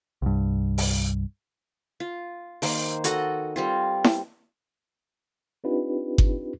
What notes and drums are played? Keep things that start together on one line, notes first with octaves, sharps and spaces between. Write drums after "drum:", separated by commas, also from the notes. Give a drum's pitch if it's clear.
C2 G2
drum: open hi-hat
F4
D#3 A#3 C5, drum: open hi-hat
F#4 A4 D#5 F#5, drum: hi-hat
G3 C4 F4
drum: snare E4
C4 D4 D#4 F4 G4 B4
drum: kick G1